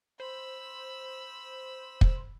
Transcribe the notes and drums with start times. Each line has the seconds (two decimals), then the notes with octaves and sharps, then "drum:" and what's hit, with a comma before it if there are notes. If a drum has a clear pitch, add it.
0.20 C5 B5 E6
2.01 drum: kick